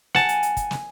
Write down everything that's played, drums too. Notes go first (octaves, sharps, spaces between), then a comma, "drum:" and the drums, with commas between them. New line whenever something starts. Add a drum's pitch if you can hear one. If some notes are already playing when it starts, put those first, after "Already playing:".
F#5 G#5 A5, drum: snare
drum: hi-hat
drum: hi-hat
drum: kick, hi-hat
drum: snare